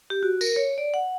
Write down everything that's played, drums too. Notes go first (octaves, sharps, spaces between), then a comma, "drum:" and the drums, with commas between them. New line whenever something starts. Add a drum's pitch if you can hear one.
G4
F#4
A#4, drum: tambourine
C#5
D5
F#5